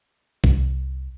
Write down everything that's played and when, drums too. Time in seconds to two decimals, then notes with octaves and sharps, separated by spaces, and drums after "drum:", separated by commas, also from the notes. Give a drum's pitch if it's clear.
0.44 C2, drum: kick A#1